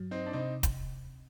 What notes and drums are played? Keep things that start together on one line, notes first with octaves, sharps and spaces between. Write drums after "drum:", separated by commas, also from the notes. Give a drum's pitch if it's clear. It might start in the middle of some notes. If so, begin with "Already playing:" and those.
Already playing: G2 F#3
C4 D#4
D4
C3 C4 D#4
drum: kick, hi-hat